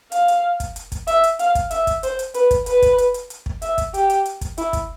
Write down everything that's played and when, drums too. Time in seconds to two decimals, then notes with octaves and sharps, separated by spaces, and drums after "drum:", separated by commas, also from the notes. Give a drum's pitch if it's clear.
0.12 F5, drum: hi-hat
0.28 drum: hi-hat
0.60 drum: kick, hi-hat
0.76 drum: hi-hat
0.92 drum: kick, hi-hat
1.07 E5, drum: hi-hat
1.24 drum: hi-hat
1.39 F5, drum: hi-hat
1.55 drum: kick, hi-hat
1.71 E5, drum: hi-hat
1.87 drum: kick, hi-hat
2.03 C5, drum: hi-hat
2.19 drum: hi-hat
2.34 B4, drum: hi-hat
2.51 drum: kick, hi-hat
2.66 B4, drum: hi-hat
2.82 drum: kick, hi-hat
2.98 drum: hi-hat
3.14 drum: hi-hat
3.30 drum: hi-hat
3.46 drum: kick
3.62 E5, drum: hi-hat
3.78 drum: kick, hi-hat
3.94 G4, drum: hi-hat
4.10 drum: hi-hat
4.25 drum: hi-hat
4.41 drum: kick, hi-hat
4.58 E4, drum: hi-hat
4.73 drum: kick, hi-hat